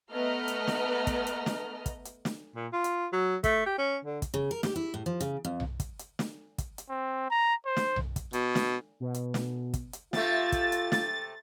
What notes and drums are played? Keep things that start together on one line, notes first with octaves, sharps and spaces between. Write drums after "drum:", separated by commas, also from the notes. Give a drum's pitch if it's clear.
A3 B3 B4 D#5 A#5 F6
drum: hi-hat
drum: snare
drum: kick, hi-hat
drum: hi-hat
drum: snare
drum: kick, hi-hat
drum: hi-hat
drum: snare
A#2
F4
drum: hi-hat
F#3
A3, drum: kick, hi-hat
G4
C#4
D3
drum: kick, hi-hat
C#3
A#4
G4, drum: snare
E4
A2
F3
C#3, drum: hi-hat
F2
drum: tom B1
drum: kick, hi-hat
drum: hi-hat
drum: snare
drum: kick, hi-hat
drum: hi-hat
C4
A#5
C5
drum: snare
drum: tom B1
drum: kick, hi-hat
B2, drum: hi-hat
drum: snare
B2
drum: hi-hat
drum: snare
drum: kick, hi-hat
drum: hi-hat
C3 A3 F4 A6, drum: snare
drum: kick, hi-hat
drum: hi-hat
drum: snare